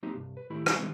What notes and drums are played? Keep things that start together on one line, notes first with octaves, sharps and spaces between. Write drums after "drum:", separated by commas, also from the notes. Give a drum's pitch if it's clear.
F#3 A#3 C4 D#4 G4
C2 G2
B4
A2 D#3 A3 E4 G4 B5
D#4, drum: rim click
D3 D#3 G3 G#3 B3 C4